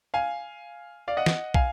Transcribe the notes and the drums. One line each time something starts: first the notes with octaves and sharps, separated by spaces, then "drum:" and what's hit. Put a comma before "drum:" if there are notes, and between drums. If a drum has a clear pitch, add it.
F5 G#5
D5 F5
D#5 F#5
drum: snare
F5 G#5, drum: kick